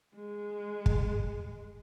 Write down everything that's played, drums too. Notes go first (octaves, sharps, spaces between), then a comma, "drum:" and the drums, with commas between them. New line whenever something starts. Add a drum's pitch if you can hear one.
G#3
drum: kick